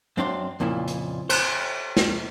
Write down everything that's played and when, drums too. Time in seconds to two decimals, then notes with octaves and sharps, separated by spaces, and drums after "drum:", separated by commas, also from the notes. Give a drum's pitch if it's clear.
0.17 F#2 C4 D4 D5 F5 C6
0.60 F2 A#2 C#3 F3 E4
0.88 drum: hi-hat
1.29 C5, drum: cymbal
1.97 drum: snare